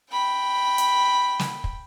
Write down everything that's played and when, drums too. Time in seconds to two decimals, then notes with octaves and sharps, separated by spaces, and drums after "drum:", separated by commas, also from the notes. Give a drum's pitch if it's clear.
0.10 G5 B5
0.78 drum: hi-hat
1.39 drum: snare
1.64 drum: kick